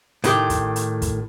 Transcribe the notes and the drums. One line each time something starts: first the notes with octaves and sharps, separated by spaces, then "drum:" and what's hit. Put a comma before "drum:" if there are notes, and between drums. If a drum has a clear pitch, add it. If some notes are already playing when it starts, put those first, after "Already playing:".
A2 D#3 G4, drum: hi-hat
drum: kick, hi-hat
drum: hi-hat
drum: kick, hi-hat